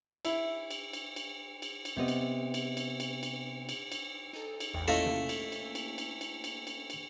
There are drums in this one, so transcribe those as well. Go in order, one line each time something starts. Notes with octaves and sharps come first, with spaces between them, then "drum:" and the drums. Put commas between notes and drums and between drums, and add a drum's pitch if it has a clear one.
E4, drum: cymbal
drum: cymbal
drum: cymbal
drum: cymbal
drum: cymbal
drum: cymbal
C3 B3 D#5
drum: cymbal
drum: cymbal
drum: cymbal
drum: cymbal
drum: cymbal
drum: cymbal
drum: cymbal
D#4 A4
drum: cymbal
A1 E2 G5
A3 A#3 C#4 E4 F4 A4 D#5 F5
drum: tom C3
drum: cymbal
drum: cymbal
drum: cymbal
drum: cymbal
drum: cymbal
drum: cymbal
drum: cymbal
drum: cymbal